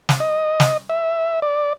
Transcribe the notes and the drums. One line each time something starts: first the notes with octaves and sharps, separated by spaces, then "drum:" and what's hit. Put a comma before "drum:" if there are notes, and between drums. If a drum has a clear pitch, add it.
drum: snare
D#5
drum: snare
E5
D5